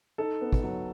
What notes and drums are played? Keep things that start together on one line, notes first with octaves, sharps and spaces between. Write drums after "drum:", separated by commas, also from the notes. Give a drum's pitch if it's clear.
D#4 A4
B3
drum: kick
F#3